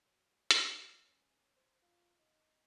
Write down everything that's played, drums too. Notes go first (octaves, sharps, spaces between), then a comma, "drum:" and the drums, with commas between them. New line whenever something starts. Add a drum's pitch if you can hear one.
F#3
C#2, drum: hi-hat
F#3
C#4
C5
F4
D#4